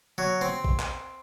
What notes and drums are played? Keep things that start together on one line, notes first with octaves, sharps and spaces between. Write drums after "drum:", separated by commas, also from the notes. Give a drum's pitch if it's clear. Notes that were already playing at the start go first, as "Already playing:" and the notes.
F#3
C4
drum: kick A1
drum: clap